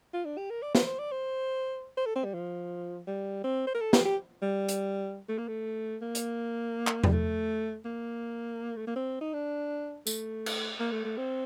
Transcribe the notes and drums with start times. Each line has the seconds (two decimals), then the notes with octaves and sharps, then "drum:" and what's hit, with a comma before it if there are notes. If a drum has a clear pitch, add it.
0.14 F4
0.25 D4
0.37 G4
0.50 A#4
0.62 D5
0.75 C5, drum: snare
0.86 C5
0.99 D5
1.12 C5
1.97 C5
2.06 A4
2.16 C4
2.24 G3
2.34 F3
3.07 G3
3.44 C4
3.67 C5
3.74 A#4
3.81 A4
3.93 G4, drum: snare
4.05 G4
4.42 G3
4.69 drum: hi-hat
5.29 A3
5.38 A#3
5.48 A3
6.01 A#3
6.15 drum: hi-hat
6.87 drum: clap
7.04 G3, drum: tom E2
7.12 A3
7.85 A#3
8.76 A3
8.87 A#3
8.96 C4
9.21 D#4
9.33 D4
10.07 A3, drum: tambourine
10.46 drum: cymbal
10.80 A#3
10.92 A3
11.05 A3
11.17 C4